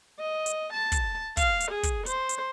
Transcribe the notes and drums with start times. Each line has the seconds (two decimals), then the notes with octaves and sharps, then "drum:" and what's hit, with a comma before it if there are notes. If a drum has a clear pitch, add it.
0.19 D#5
0.46 drum: hi-hat
0.73 A5
0.92 drum: kick, hi-hat
1.37 F5, drum: kick, hi-hat
1.60 drum: hi-hat
1.71 G#4
1.83 drum: kick, hi-hat
2.06 C5, drum: hi-hat
2.29 drum: hi-hat